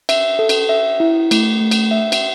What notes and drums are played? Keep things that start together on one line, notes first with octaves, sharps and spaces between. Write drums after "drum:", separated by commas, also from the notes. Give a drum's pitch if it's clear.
E5, drum: cymbal
A4
drum: cymbal
E5
E4
A3, drum: cymbal
A3
drum: cymbal
E5
drum: cymbal